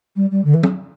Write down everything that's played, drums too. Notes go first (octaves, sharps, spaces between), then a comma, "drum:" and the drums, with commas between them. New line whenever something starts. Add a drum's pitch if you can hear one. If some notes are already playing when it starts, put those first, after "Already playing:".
G3
G3
D3
E3
drum: tom